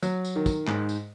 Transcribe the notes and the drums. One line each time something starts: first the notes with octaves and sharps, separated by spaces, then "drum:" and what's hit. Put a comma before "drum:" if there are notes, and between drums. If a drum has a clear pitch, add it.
F#3, drum: tambourine
drum: tambourine
D#3
drum: kick, tambourine
G#2, drum: clap
drum: tambourine